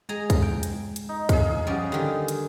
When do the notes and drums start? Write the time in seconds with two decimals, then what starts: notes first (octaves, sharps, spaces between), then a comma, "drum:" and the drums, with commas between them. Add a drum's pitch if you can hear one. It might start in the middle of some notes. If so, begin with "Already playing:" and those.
0.09 G#3 G#4 D#5 A#5
0.30 drum: kick, hi-hat
0.42 G5
0.63 drum: hi-hat
0.96 drum: hi-hat
1.09 D#4
1.29 G#4 F5, drum: kick, hi-hat
1.67 F3 G3 C#4 D5 F#5
1.92 D3 D#3 G4 G5 G#5
2.28 drum: hi-hat